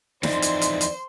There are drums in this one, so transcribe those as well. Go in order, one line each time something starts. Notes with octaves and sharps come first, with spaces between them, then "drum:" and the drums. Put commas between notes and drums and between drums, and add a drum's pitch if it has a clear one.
F2 E3 D#4 C5 D5 C6, drum: snare
drum: hi-hat
drum: hi-hat
drum: hi-hat